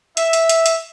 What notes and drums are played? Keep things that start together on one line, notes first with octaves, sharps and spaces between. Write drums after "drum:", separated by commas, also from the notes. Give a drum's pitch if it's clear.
E5, drum: hi-hat
drum: hi-hat
drum: hi-hat
drum: hi-hat